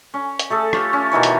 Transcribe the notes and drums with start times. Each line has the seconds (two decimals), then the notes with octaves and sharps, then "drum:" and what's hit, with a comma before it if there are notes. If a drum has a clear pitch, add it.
0.14 C#4
0.39 drum: hi-hat
0.50 A3 G#4 A4
0.73 F4 G4 C#5, drum: rim click
0.93 C#4
1.12 B2 D#3 E3 C#5
1.23 drum: hi-hat